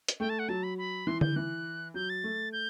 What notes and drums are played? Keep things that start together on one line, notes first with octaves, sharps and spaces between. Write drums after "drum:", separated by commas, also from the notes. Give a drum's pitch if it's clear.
drum: hi-hat
A3 G5
A5
F#5
F#3 A5
B5
B5
E3 C6
G6, drum: tom D3
E3 F#6
F#3 G6
A6
A3
G6